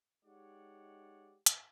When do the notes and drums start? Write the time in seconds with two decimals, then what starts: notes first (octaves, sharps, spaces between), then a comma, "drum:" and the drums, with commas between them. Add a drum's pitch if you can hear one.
0.25 G#3 D#4 G4 C#5 D5 F#5
1.46 drum: hi-hat